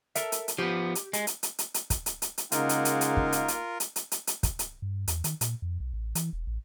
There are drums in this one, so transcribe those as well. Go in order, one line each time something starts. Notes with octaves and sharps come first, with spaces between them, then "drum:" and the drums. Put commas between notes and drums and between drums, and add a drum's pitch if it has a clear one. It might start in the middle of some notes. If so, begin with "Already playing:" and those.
A4 A#4 E5, drum: hi-hat
drum: hi-hat
drum: hi-hat
F3 B3 G4
drum: hi-hat
G#3, drum: hi-hat
drum: hi-hat
drum: hi-hat
drum: hi-hat
drum: hi-hat
drum: kick, hi-hat
drum: hi-hat
drum: hi-hat
drum: hi-hat
C#3 G#3 A#3 D#4 F4 A#4 F#5, drum: hi-hat
drum: hi-hat
drum: hi-hat
drum: hi-hat
drum: kick
drum: hi-hat
drum: hi-hat
drum: hi-hat
drum: hi-hat
drum: hi-hat
drum: hi-hat
drum: kick, hi-hat
drum: hi-hat
G2
E2, drum: hi-hat
D#3, drum: hi-hat
A#2, drum: hi-hat
F2
B1
A1
E3, drum: hi-hat
E1
A1